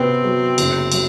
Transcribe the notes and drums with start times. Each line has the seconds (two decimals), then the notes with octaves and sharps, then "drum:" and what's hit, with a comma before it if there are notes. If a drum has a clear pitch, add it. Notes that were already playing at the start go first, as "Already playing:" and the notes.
Already playing: C3 B3 C4 F#4
0.24 F#3
0.58 F#1, drum: cymbal
0.92 F#3, drum: cymbal